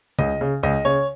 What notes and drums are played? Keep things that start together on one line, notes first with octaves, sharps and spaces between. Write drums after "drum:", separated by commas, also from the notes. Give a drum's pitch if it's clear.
C#2 D#5, drum: tom C#3
C#3
C#2 D#5
C#3 C#5